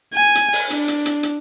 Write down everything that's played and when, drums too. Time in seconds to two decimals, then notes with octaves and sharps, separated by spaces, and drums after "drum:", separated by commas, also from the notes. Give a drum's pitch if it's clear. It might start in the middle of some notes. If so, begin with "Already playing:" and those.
0.13 G#5
0.35 drum: hi-hat
0.53 drum: open hi-hat
0.70 D4, drum: hi-hat
0.88 drum: hi-hat
1.05 drum: hi-hat
1.23 drum: hi-hat